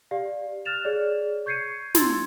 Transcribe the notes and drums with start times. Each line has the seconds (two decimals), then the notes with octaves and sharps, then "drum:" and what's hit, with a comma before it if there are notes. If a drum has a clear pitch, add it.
0.11 G4 D5 F5
0.65 F6 F#6 A6 E7 F7
0.85 G#4 C#5 D5
1.46 C#6 G6 G#6 C7 C#7 D#7
1.95 C6 E6 G#6 A6, drum: snare